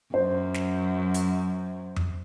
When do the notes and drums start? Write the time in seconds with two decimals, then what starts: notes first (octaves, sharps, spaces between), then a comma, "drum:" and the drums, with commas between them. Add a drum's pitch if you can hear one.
0.14 F#2 C5
0.54 drum: snare
1.14 drum: hi-hat
1.96 drum: tom F2